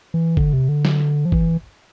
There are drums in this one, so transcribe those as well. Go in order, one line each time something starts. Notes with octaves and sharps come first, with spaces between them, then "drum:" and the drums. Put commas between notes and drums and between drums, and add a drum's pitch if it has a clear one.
E3
D3, drum: kick
C3
D3
drum: snare F#3
F3
E3, drum: kick